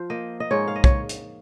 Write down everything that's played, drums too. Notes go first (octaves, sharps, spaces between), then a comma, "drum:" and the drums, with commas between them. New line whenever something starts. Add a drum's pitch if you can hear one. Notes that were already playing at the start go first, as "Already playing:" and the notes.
Already playing: F3 C5
A#3 D#5
D#5
G#2 C#5
F5
D#5
C#5, drum: kick
drum: hi-hat